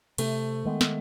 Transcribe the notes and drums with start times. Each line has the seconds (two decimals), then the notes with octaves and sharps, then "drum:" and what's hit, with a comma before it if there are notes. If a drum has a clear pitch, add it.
0.18 C3 A3, drum: cymbal
0.65 D#3 G#3 B3
0.81 drum: snare